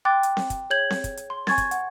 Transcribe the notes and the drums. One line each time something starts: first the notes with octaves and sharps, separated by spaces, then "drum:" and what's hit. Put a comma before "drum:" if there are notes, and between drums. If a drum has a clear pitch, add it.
G5 C6 D6 F#6 A6
drum: hi-hat
drum: snare C4
drum: kick, hi-hat
G#4 C#5 G6 G#6 F#7
drum: snare C4
drum: kick, hi-hat
drum: hi-hat
C6
G#5 C#6 G#6 A6, drum: snare C4
drum: kick, hi-hat
F#5, drum: hi-hat